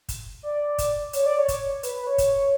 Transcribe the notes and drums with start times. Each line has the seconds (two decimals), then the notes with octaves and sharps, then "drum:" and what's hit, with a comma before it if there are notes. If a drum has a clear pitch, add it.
0.09 drum: kick, hi-hat
0.43 D5
0.78 drum: kick, hi-hat
1.13 C#5, drum: hi-hat
1.26 D5
1.39 C#5
1.48 drum: kick, hi-hat
1.83 B4, drum: hi-hat
1.95 B4
2.07 C#5
2.18 drum: kick, hi-hat